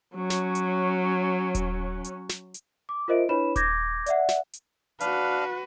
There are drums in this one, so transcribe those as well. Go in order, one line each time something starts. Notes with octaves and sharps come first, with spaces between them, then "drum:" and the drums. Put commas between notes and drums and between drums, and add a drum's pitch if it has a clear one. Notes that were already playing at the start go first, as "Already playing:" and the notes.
F#3 C#4
drum: snare
drum: hi-hat
drum: kick D#1, hi-hat
drum: hi-hat
drum: snare
drum: hi-hat
D6
F4 A#4 C5 D#5 E5 D7
D4 E4 B4 C#5 B5 E7
D6 G6 G#6 A#6, drum: kick D#1, hi-hat
D5 E5 F#5, drum: hi-hat
drum: snare
drum: hi-hat
D4 F#4 B4 F5, drum: hi-hat